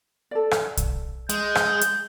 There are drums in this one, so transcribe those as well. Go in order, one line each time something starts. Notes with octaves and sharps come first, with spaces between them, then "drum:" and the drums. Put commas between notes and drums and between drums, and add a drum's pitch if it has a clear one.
A4 D5
drum: rim click
drum: kick, hi-hat
G#3 G6, drum: hi-hat
drum: rim click
drum: hi-hat